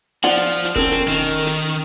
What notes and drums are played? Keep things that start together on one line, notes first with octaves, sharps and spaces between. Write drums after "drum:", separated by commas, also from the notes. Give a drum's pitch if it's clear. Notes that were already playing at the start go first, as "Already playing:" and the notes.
F3 F4 D5 F#5, drum: hi-hat
drum: snare
drum: hi-hat
drum: snare
C4 C#4 A4 A#4, drum: kick E1, hi-hat
drum: snare
D#3
drum: hi-hat
drum: snare
drum: hi-hat